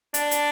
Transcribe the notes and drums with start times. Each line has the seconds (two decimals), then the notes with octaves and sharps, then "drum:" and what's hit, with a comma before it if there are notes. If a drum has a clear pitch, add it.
0.14 D4, drum: hi-hat
0.31 drum: hi-hat